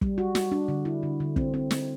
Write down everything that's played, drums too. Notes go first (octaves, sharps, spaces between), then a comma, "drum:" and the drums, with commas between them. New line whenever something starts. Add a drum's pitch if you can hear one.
G3, drum: kick
F#4
F#4, drum: snare
D4
D3
E4
D3
D3
C4, drum: kick
C4
C4, drum: snare